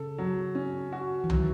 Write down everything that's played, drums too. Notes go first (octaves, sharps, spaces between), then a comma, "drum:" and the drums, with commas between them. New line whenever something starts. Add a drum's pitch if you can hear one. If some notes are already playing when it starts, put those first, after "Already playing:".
Already playing: C#3 A4
F#3
C#4
F#4
E3
D#3 F#3, drum: tom C2